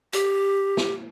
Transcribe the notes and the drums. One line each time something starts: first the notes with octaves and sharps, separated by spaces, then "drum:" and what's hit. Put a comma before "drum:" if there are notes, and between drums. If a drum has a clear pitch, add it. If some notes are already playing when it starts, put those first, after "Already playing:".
G4, drum: hi-hat
drum: snare